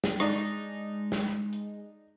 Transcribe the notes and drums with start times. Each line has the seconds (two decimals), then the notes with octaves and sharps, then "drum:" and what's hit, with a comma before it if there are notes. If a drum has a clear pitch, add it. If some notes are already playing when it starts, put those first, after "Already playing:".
0.04 drum: snare
0.20 G#3 D4 D#4, drum: rim click
1.12 drum: snare
1.53 drum: hi-hat